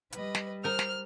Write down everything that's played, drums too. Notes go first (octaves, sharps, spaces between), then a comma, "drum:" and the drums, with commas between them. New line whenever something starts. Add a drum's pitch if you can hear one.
G3 B4 D#5, drum: hi-hat
drum: snare
D#4 A#4 C5 F6
drum: snare